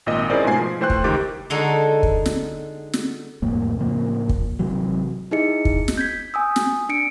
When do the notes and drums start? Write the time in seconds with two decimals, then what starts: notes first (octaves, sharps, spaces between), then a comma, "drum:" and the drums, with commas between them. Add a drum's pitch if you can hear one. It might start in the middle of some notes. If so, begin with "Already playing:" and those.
0.06 G#1 A#2 D#5
0.30 C#4 E4 G#4 A#4 C5 D5
0.44 G#2 B2 A3 F4 G#5 C7
0.60 F3
0.81 E3 A3 C5 G5 C6 F#6
0.90 drum: kick
1.04 C#2 D#3 G4 D6 A6
1.50 D3 G#3 D#4 F#4 G#4 A4
2.03 drum: kick
2.26 drum: snare
2.93 drum: snare
3.42 C2 F2 A2 A#3
3.77 A2 C#3 F3 A#3
4.29 drum: kick
4.59 G#1 C3 E3 F#3
5.31 D#4 E4 G#4 D#5 C#7
5.65 drum: kick
5.88 drum: snare
5.97 G6 G#6 B6
6.34 G#5 D#6 E6
6.56 drum: snare
6.89 D4 C#7 D7